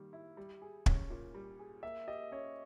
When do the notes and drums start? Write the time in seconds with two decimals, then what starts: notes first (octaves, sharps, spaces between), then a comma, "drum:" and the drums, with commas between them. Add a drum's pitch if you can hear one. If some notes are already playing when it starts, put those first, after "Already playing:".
Already playing: D#3 G3 A#3
0.13 E4
0.37 G3
0.62 G#4
0.86 C#4, drum: kick
1.10 A#2
1.35 G3
1.59 G#4
1.83 A#3 E5
2.07 G4 D#5
2.32 C#4 C#5